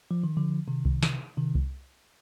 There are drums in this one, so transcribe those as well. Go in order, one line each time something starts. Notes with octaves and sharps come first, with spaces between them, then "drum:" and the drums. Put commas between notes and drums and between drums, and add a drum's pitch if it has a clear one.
F3
D#3
D3 F3
C3 D#3
drum: kick C2
drum: snare
C3 D#3
drum: kick C2